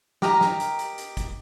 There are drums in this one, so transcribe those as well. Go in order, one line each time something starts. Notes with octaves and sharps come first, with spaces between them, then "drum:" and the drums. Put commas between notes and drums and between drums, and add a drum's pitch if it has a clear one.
G4 A#4 D#5 A#5, drum: snare
drum: snare
drum: hi-hat
drum: hi-hat
drum: hi-hat
drum: kick, hi-hat